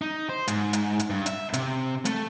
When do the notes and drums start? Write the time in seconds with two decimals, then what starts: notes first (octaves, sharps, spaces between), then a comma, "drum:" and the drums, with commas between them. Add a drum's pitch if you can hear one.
0.02 D#4
0.29 C5
0.48 G#2, drum: hi-hat
0.73 drum: hi-hat
0.99 drum: hi-hat
1.10 G2
1.26 E5, drum: hi-hat
1.54 C3, drum: hi-hat
2.05 A3, drum: hi-hat